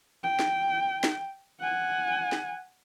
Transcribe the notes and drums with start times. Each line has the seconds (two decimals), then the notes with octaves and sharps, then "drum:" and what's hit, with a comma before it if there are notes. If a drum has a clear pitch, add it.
0.23 G5
0.39 drum: snare
1.04 drum: snare
1.60 F#5 G#5
2.32 drum: snare